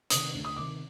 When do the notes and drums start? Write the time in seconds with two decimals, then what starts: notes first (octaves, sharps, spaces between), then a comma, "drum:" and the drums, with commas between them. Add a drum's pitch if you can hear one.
0.10 C3 D#3 D#6, drum: hi-hat
0.34 D2
0.45 D#6
0.56 C3 D#3 D6